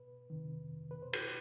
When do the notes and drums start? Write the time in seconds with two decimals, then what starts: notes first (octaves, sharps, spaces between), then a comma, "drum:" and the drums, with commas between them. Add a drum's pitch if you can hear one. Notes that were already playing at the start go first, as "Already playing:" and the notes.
Already playing: B2 B4
0.30 F2 C3 D#3
0.91 B2 B4
1.02 C5
1.13 B4, drum: cymbal